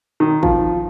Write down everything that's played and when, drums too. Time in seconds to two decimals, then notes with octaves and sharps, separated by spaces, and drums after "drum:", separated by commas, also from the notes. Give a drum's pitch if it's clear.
0.20 D#3
0.43 F3, drum: kick